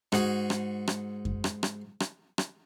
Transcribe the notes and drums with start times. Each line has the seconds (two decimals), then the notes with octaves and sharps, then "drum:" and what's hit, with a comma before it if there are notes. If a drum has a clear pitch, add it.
0.12 G#2 F#4 G#4, drum: rim click
0.50 drum: rim click
0.88 drum: rim click
1.25 drum: kick F#2
1.44 drum: rim click
1.63 drum: rim click
2.00 drum: rim click
2.38 drum: rim click